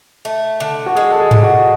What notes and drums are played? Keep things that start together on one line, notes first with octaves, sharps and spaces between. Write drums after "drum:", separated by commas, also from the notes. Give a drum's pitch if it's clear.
A3
D3
F#4
G#3 G#4
A4
G#4
D3, drum: tom G#2
F#4